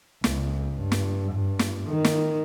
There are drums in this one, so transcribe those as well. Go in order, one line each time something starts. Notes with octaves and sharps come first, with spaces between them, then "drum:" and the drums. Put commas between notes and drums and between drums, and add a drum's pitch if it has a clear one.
C#2, drum: snare
G2
drum: snare
G2
drum: snare
D#3
drum: snare